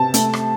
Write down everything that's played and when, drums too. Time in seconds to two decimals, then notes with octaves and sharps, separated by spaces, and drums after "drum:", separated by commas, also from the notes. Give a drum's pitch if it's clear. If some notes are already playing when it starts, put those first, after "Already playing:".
Already playing: C3 A5
0.14 A3, drum: hi-hat
0.33 drum: rim click